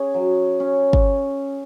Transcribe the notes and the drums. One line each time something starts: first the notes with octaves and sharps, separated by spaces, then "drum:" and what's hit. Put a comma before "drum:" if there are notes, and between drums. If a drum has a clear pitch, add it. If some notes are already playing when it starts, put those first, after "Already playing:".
Already playing: C#4 G#4
F#3
C#4
drum: kick G1